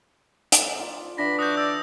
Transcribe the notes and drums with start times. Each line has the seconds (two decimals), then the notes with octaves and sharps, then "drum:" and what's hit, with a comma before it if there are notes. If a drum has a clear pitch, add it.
0.52 drum: hi-hat
0.77 D#4 F4 D5
1.18 D3 E3 D4 B5 A#6
1.39 F#4 D#6 G6
1.57 D5 E6 G6